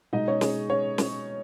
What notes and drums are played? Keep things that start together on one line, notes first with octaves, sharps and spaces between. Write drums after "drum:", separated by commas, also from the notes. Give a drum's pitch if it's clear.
B2 G#3 D#4 D#5
C#4 C#5
G#4, drum: snare
C#4 C#5
drum: snare